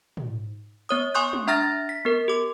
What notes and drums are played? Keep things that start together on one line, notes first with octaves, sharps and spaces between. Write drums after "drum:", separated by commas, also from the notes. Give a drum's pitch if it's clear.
drum: tom
B3 C#5 D#6
G#5 C6 C#6 D#6 F#6 G6
drum: tom
D4 E5 A#5 F6 A6 A#6
B6
B3 A#4
G4 D6